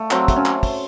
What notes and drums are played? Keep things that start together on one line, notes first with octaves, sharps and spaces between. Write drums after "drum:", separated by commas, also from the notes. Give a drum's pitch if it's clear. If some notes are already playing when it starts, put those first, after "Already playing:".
Already playing: A3
F#3 C4, drum: clap
A3, drum: kick, hi-hat
C#4
drum: clap
drum: kick, open hi-hat